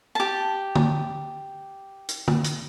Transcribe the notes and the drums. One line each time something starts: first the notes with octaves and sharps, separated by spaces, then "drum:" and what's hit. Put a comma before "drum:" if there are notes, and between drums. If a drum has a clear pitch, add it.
G4 A5
drum: tom
drum: hi-hat
drum: tom
drum: hi-hat